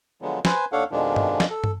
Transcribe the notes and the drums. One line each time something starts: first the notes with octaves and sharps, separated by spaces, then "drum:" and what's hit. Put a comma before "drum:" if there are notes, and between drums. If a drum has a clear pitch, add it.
D3 F3 F#3 G#3 B3
B4 C5 G#5, drum: snare
D#2 D4 A4 C#5 F5 F#5
F2 B2 D#3 F3 G#3 D4
drum: tom G2
drum: snare
A4
drum: tom